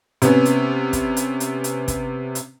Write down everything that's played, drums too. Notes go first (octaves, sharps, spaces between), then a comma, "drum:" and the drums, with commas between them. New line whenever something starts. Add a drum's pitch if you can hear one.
C3 B3 C#4, drum: hi-hat
drum: hi-hat
drum: kick, hi-hat
drum: hi-hat
drum: hi-hat
drum: hi-hat
drum: kick, hi-hat
drum: hi-hat